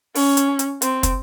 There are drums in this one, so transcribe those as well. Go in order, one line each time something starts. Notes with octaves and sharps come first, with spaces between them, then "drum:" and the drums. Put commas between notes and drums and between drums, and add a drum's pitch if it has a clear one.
C#4, drum: open hi-hat
drum: hi-hat
drum: hi-hat
C4, drum: hi-hat
drum: kick, hi-hat